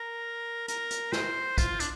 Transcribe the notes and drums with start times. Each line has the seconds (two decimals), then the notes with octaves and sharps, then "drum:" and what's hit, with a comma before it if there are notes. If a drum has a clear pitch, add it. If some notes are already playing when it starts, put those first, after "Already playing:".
Already playing: A#4
0.68 A#4, drum: hi-hat
0.91 drum: hi-hat
1.12 C5, drum: snare
1.58 F4, drum: kick, hi-hat
1.80 D4, drum: hi-hat